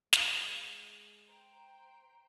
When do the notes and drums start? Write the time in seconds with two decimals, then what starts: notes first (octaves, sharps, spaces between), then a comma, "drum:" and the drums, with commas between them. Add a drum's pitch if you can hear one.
0.13 G#3, drum: snare
1.27 C5 G5 A#5